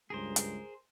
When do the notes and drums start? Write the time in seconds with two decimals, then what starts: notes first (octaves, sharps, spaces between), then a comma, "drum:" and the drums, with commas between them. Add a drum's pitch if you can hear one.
0.10 C#2 G2 G#3 G#4 A#4 C5
0.36 drum: hi-hat